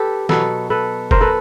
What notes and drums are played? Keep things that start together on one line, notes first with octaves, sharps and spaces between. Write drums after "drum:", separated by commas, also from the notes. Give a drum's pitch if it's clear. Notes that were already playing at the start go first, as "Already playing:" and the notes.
Already playing: G4 A4 B4
B2 F#3 A4 B4, drum: snare
A4 B4
A#4 C5, drum: kick F#1
A4 B4